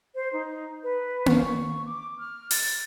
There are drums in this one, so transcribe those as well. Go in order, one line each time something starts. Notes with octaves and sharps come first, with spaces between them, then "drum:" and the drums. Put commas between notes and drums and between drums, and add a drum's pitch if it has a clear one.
C5
D#4
B4
C#6, drum: tom A#3
D6
F6
A6, drum: open hi-hat